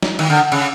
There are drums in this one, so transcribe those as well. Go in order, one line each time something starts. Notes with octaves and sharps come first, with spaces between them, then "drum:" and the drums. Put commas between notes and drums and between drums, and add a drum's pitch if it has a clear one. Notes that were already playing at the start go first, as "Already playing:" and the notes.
drum: snare
D#3, drum: cymbal
D3
C#3, drum: cymbal